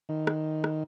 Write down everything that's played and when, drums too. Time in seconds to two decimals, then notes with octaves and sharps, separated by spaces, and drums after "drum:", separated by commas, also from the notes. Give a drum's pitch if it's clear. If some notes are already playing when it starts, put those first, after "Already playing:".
0.09 D#3
0.27 drum: rim click
0.64 drum: rim click